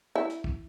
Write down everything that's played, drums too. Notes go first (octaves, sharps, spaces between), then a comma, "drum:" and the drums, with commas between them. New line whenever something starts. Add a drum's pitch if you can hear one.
E4
drum: hi-hat
drum: kick